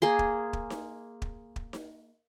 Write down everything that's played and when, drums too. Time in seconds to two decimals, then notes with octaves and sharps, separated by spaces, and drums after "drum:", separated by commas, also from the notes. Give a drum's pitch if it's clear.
0.02 A#3 G#4 C6
0.19 drum: kick
0.53 drum: kick
0.70 drum: snare D#4
1.22 drum: kick
1.56 drum: kick
1.73 drum: snare D#4